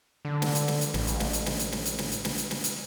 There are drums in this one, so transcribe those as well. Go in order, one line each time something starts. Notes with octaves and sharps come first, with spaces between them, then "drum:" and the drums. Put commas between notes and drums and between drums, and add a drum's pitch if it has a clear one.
D3
drum: snare
drum: hi-hat
drum: snare
drum: hi-hat
A1, drum: snare
drum: hi-hat
drum: snare
drum: hi-hat
drum: snare
drum: hi-hat
drum: snare
drum: hi-hat
drum: snare
drum: hi-hat
drum: snare
drum: hi-hat
drum: snare
drum: hi-hat